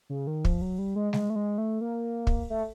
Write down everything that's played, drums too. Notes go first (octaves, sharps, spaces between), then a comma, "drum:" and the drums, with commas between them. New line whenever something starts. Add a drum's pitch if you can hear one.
C#3
D#3
F3, drum: kick
F#3
G3
G#3
G#3, drum: snare G3
A3
G#3
A3
A#3
drum: kick
A3